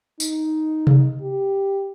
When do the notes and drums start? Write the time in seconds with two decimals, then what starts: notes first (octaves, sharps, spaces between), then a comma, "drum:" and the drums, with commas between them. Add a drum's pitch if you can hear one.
0.20 D#4, drum: tambourine
0.87 drum: tom C3
1.21 G4